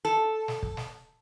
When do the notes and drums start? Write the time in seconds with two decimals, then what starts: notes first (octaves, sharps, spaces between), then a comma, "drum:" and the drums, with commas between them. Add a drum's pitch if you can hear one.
0.05 A4
0.48 drum: snare
0.63 drum: kick
0.77 drum: snare